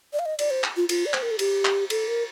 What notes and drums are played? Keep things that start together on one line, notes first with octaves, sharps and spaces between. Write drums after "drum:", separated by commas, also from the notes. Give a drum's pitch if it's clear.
D5
F5
D#5
D5, drum: cymbal
C5
drum: clap
F4
F4, drum: cymbal
D5
C5, drum: clap
A#4
A4
G4, drum: cymbal
drum: clap
A4, drum: cymbal
A#4